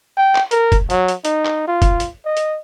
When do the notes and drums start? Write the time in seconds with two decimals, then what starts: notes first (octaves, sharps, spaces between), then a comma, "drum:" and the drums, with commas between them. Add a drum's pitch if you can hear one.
0.17 G5
0.35 drum: clap
0.51 A#4, drum: hi-hat
0.72 drum: kick, hi-hat
0.90 F#3, drum: hi-hat
1.08 drum: hi-hat
1.25 D#4, drum: hi-hat
1.45 drum: clap
1.68 F4
1.82 drum: kick, hi-hat
2.00 drum: hi-hat
2.25 D#5
2.37 drum: hi-hat